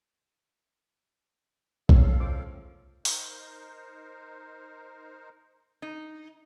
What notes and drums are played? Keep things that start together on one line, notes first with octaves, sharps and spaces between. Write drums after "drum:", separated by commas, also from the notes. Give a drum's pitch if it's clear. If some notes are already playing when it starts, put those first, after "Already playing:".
F2 A2 C#4 G#4 A4 C#5 F5, drum: kick B1
F4 C5 D6
D#4 A#4 C5, drum: open hi-hat
D#4